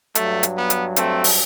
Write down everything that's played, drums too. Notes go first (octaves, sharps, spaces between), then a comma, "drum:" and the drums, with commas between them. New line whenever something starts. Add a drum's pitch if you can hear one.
G2 F#3 A3, drum: hi-hat
drum: hi-hat
B3
drum: hi-hat
A3 C4, drum: hi-hat
drum: open hi-hat